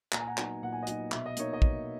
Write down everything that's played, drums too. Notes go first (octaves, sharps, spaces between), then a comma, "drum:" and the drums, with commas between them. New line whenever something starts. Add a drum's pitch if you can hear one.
A#2 A#5, drum: clap
G#5
F#5 A#5
F#3 B3 D#4, drum: clap
A#2 F#5
G#5
D#5 F#5
F#3 B3 D#4, drum: hi-hat
B2 E5, drum: clap
D#5
A#3 D#4 C#5, drum: hi-hat
D#5
B2, drum: kick